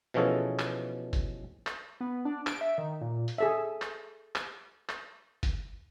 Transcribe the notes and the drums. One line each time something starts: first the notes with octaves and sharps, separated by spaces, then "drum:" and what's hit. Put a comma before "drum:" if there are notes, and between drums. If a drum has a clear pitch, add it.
B2 E3 F3 C#4 G#4 A4
drum: clap
drum: kick G1, hi-hat
drum: clap
B3
D4
D7, drum: clap
E5
D#3
A#2
drum: hi-hat
G#4 A4 E5
drum: clap
drum: clap
drum: clap
drum: kick G1, hi-hat